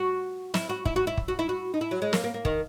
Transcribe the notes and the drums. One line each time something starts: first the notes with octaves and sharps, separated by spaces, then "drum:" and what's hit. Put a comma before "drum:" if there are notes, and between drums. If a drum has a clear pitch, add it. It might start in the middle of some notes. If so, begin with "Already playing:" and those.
Already playing: F#4
E4, drum: snare
F#4
E4, drum: kick
F#4
E4
drum: kick
F#4
E4
F#4
D#4
E4
F#3
G#3
A#3, drum: snare
A#3
A#3
D#3, drum: kick